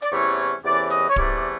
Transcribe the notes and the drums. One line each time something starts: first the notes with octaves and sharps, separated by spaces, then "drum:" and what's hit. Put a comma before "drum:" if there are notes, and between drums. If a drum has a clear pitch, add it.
D5, drum: hi-hat
E2 C3 E3 A3 C#4 C#5
E2 C3 E3 A3 C#4 D5
D#5, drum: hi-hat
C#5
E2 C3 E3 A3 C#4 D5, drum: kick D1
D5